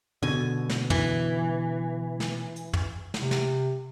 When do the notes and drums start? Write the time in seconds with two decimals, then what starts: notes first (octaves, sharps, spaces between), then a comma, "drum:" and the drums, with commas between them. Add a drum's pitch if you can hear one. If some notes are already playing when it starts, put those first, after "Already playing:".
0.23 B2 D3 G#5
0.69 drum: snare
0.90 E3, drum: tom
2.20 drum: snare
2.56 drum: hi-hat
2.73 drum: tom
3.14 C3, drum: snare
3.31 drum: snare